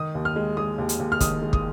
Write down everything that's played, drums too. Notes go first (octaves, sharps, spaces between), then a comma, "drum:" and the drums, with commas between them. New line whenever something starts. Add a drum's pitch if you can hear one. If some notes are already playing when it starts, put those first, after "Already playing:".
Already playing: D#3 D#6
D#2
F6
G#3
G#3 D#6
D#2
drum: hi-hat
D#2
F6
D#3 D#6, drum: kick, hi-hat
G#3
D#6, drum: kick